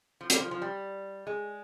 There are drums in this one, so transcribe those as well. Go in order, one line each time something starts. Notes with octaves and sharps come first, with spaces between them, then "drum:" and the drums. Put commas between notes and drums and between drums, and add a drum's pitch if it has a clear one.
F3
G3, drum: hi-hat
F3
F3
G3
G#3